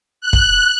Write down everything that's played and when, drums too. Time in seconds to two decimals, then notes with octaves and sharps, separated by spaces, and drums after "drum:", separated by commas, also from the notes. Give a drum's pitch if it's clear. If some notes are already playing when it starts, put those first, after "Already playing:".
0.21 F#6
0.33 drum: kick